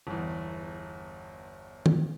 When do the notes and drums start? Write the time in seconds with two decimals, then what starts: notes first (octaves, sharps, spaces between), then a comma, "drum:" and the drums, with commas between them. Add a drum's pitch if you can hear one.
0.07 G1 E2
1.86 drum: tom